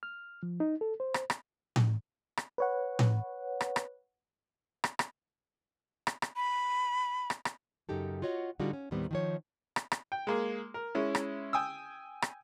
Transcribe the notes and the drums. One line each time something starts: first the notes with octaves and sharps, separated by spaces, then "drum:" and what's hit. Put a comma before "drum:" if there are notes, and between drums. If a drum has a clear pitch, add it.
F6
F3
D#4
A4
C5
drum: rim click
drum: rim click
drum: tom A2
drum: rim click
B4 C#5 F#5
drum: tom A2
drum: rim click
drum: rim click
drum: rim click
drum: rim click
drum: rim click
drum: rim click
B5
drum: rim click
drum: rim click
F#2 C#3 D#4 G4 A4
F4 F#4 C#5 D#5 F#5
A2 D3 G3 D#4 F4 F#4
C#4
D#2 A2 D#3 G3 B3 C4
D#3 F3 C#5
drum: rim click
drum: rim click
G5
G#3 A#3 G#4
A#4
G#3 C#4 E4
drum: rim click
G5 G#5 D#6 E6
drum: rim click